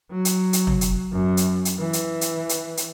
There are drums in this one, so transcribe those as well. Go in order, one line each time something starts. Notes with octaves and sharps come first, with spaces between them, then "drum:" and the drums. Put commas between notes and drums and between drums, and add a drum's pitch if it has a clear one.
F#3
drum: hi-hat
drum: hi-hat
drum: tom
drum: hi-hat
F#2
drum: hi-hat
drum: hi-hat
E3
drum: hi-hat
drum: hi-hat
drum: hi-hat
drum: hi-hat